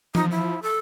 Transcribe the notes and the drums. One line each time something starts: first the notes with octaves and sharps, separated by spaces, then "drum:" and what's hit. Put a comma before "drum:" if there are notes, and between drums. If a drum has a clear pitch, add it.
F3 D#4, drum: tom E3
E4
A4